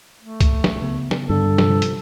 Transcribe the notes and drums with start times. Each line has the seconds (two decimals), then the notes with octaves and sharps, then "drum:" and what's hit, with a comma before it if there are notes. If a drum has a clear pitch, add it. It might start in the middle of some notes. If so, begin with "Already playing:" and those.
0.22 A3
0.41 drum: kick C2, hi-hat
0.64 drum: snare
0.82 C#3 B3
1.11 drum: snare
1.29 G2 D3 A4
1.58 C3 F3, drum: snare
1.82 drum: hi-hat